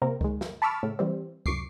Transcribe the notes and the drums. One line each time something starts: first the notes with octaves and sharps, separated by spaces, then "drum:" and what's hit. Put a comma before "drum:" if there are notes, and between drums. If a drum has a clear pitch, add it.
C3 A#3 C4 A#4
D#3 G#3, drum: kick C#2
drum: snare
A5 B5 C#6 D6 E6 F6
A2 C#3
E3 G3 C4
C2 F#2 C#6 D6 C7, drum: kick C#2